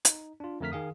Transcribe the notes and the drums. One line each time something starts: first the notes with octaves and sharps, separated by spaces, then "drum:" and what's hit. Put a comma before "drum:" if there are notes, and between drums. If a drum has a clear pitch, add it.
D#4, drum: hi-hat
D4 F4
F2 D3 A3 A#4 F6 B6
D#3 G#4 F5 D#6